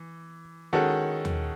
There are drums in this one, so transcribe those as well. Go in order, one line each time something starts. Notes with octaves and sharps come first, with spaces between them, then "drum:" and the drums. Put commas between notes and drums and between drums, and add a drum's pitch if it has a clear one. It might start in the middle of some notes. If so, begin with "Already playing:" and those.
Already playing: E3
D#3 G#3 C#4 F#4 A4
drum: tom